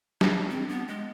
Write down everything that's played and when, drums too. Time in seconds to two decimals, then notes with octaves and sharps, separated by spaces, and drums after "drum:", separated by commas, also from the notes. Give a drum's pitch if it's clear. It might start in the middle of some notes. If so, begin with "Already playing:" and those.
0.21 D4, drum: snare
0.50 C4
0.69 B3
0.88 G#3